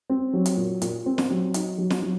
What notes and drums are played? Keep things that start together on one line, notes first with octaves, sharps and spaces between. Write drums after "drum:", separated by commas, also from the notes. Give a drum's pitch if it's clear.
C4
F#3
drum: hi-hat
A#2
A#2, drum: hi-hat
C4
drum: snare
F#3
D#4, drum: hi-hat
F#3
drum: snare
F#3